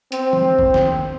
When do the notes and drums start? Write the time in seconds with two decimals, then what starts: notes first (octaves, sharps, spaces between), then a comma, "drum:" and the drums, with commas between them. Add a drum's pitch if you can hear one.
0.12 C4, drum: hi-hat
0.33 drum: tom
0.59 drum: kick G1
0.74 drum: snare